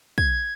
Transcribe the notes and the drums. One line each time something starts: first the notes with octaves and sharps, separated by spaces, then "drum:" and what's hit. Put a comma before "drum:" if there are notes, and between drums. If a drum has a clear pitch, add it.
G#6, drum: kick